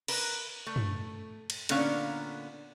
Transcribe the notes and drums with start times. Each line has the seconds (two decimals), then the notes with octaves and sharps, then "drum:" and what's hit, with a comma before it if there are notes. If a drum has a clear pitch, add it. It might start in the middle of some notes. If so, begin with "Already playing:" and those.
0.08 A#4 B4, drum: cymbal
0.67 A3
0.76 drum: tom
1.50 drum: cymbal
1.69 A#2 D3 A#3 B3 C#4 F5, drum: cymbal